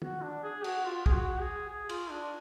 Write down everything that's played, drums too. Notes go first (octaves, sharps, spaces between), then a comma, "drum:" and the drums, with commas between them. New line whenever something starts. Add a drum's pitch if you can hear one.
F#4, drum: tom
D4
G#4
F#4, drum: cymbal
F4
G#4, drum: kick
F#4
G#4
G#4
F4, drum: cymbal
D4